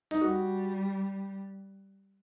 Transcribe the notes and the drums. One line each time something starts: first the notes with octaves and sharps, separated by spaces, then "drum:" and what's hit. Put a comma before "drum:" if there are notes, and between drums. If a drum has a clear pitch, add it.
D#4, drum: open hi-hat
G3 F#4